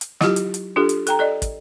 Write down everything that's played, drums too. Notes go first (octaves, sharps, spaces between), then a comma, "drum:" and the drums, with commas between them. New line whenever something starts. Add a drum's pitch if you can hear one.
drum: hi-hat
F#3 E4 F4 G4, drum: snare
drum: hi-hat
drum: hi-hat
D4 F4 G4 A4
drum: hi-hat
A4 G5 A#5, drum: hi-hat
A4 D5 D#5
drum: kick, hi-hat